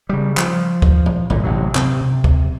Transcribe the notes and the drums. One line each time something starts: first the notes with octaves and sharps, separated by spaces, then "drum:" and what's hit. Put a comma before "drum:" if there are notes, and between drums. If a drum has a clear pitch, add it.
C#3 G3
F3, drum: clap
drum: kick
drum: tom A#2
G#1 A#2, drum: tom A#2
A1 C3 F#3
C3 C4, drum: clap
C3
drum: kick